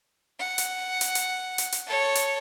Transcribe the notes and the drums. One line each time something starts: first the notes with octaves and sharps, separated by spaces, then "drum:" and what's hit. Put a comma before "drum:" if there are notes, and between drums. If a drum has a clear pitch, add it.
F#5
drum: hi-hat
drum: hi-hat
drum: hi-hat
drum: hi-hat
drum: hi-hat
A4 C#5
drum: hi-hat